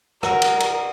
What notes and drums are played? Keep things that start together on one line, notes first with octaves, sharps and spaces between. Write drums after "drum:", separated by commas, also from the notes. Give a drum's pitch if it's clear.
F#4 A#4 F#5, drum: rim click
drum: cymbal
drum: cymbal